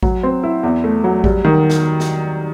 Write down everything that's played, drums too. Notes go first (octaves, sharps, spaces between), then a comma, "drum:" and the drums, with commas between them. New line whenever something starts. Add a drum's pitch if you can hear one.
F#3, drum: kick A1
C4
E4
E2
A3
F#3
G3, drum: kick A1
D#3
drum: snare
drum: snare